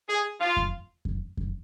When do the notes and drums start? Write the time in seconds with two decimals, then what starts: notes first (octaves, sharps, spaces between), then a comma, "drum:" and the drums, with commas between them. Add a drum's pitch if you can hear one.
0.09 G#4
0.41 F4
0.57 drum: kick F2
1.05 drum: kick F2
1.37 drum: kick F2